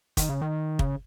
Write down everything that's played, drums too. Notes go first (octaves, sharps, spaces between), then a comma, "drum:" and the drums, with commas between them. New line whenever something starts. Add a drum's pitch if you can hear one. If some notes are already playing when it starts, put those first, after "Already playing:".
D#3, drum: kick, hi-hat
C#3
D#3
C#3, drum: kick